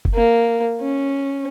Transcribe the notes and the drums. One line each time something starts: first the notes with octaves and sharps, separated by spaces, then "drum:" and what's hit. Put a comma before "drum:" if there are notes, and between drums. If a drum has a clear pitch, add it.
drum: kick F#1
A#3
C#4